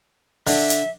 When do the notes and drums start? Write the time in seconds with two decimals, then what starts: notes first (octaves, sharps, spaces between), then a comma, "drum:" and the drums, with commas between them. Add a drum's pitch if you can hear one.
0.47 D3 E5, drum: open hi-hat
0.70 drum: hi-hat